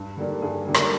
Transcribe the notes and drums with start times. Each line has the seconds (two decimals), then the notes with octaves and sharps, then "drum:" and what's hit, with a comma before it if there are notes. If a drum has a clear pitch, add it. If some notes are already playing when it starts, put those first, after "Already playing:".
Already playing: G2
0.17 D3 G3 A#3 D4
0.42 G2 G#4
0.67 D3 G3 A#3 D4
0.74 A#4, drum: rim click